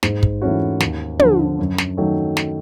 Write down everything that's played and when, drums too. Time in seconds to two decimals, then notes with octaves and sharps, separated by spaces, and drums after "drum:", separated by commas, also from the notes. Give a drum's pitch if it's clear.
0.03 G#2, drum: snare
0.23 drum: kick
0.42 E3 A3 C#4 F#4
0.80 D#2, drum: snare
1.19 D3 F3, drum: tom
1.59 F#2
1.78 drum: snare
1.97 D#3 F#3 A3
2.37 drum: snare